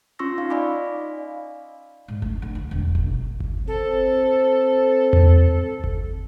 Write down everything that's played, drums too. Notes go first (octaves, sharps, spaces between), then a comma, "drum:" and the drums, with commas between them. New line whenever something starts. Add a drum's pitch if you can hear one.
C#4 F4 C6 C#6 E6 A#6
D#4 F5
D5 D#5 F5 G#5 B5 D6
G#2
A3, drum: kick G1
D3
D2
E1
D#3, drum: kick G1
drum: kick G1
C4 A4
drum: tom E2
drum: kick G1